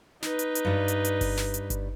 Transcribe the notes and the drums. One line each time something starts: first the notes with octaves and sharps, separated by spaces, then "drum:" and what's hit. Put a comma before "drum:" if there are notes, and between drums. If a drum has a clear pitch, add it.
D#4 B4, drum: snare
drum: hi-hat
drum: hi-hat
G2 G3
drum: hi-hat
drum: hi-hat
drum: kick G1, open hi-hat
drum: snare
drum: hi-hat
drum: kick G1, hi-hat